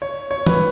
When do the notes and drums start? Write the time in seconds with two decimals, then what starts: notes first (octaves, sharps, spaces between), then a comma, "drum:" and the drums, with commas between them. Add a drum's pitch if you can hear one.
0.02 C#5
0.31 C#5
0.46 B4, drum: tom E3